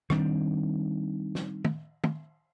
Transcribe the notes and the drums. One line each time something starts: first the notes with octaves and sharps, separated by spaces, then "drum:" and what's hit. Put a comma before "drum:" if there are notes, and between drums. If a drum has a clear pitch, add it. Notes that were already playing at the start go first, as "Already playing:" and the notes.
D#3 G3 C4 D4, drum: rim click
drum: snare
drum: tom
drum: tom